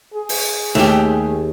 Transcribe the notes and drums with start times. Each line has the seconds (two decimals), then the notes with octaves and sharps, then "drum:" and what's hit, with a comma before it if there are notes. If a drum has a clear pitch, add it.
0.14 G#4
0.29 drum: open hi-hat
0.75 D#2 A3 G4